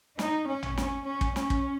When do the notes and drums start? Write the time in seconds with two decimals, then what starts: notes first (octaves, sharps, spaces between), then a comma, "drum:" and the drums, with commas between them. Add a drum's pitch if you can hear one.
0.19 D#4, drum: snare
0.48 C#4
0.63 drum: tom A1
0.78 C#4, drum: snare
1.07 C#4
1.21 drum: kick
1.36 C#4, drum: snare
1.50 drum: kick